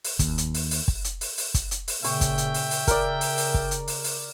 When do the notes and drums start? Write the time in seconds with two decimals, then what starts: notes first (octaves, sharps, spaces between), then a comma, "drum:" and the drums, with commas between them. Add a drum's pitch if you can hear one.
0.04 drum: open hi-hat
0.19 D#2, drum: kick, hi-hat
0.38 drum: hi-hat
0.54 drum: open hi-hat
0.71 drum: open hi-hat
0.88 drum: kick
1.04 drum: hi-hat
1.21 drum: open hi-hat
1.38 drum: open hi-hat
1.54 drum: kick, hi-hat
1.71 drum: hi-hat
1.88 drum: open hi-hat
2.04 A#2 C#3 E5 G5 C#6, drum: open hi-hat
2.21 drum: kick, hi-hat
2.38 drum: hi-hat
2.54 drum: open hi-hat
2.71 drum: open hi-hat
2.87 C#3 A#4 D5, drum: kick, hi-hat
3.21 drum: open hi-hat
3.38 drum: open hi-hat
3.54 drum: kick
3.71 drum: hi-hat
3.88 drum: open hi-hat
4.04 drum: open hi-hat